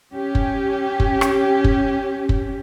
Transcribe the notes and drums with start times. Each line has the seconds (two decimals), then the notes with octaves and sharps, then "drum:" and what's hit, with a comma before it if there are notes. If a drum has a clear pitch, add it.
0.13 C#4 G4
0.35 drum: kick
1.00 drum: kick
1.21 drum: rim click
1.64 drum: kick
2.29 drum: kick